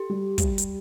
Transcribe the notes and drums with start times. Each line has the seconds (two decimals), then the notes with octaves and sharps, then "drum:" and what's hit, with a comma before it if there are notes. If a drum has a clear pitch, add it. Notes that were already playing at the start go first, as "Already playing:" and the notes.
Already playing: G4 A4
0.10 G3
0.38 G3, drum: kick, hi-hat
0.58 drum: hi-hat